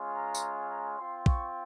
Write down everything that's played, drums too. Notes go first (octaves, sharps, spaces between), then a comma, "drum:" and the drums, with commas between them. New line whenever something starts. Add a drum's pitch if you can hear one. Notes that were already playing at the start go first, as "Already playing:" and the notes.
Already playing: G#3 C#4 F4
A#5
drum: tambourine
A#5
C4 F4 C6
C#6, drum: kick